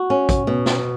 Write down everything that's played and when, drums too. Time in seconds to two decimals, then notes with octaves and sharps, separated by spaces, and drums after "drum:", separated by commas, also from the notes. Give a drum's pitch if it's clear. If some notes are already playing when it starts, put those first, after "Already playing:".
Already playing: F#4
0.10 C#4
0.29 drum: kick, hi-hat
0.47 B2
0.66 drum: snare